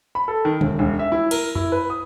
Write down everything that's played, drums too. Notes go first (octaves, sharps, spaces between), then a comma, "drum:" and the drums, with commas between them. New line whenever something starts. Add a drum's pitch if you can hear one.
B5
A4
D#3
E1, drum: tom D3
E1
E5
E4
A#4, drum: cymbal
E4, drum: tom F2
B4
D#6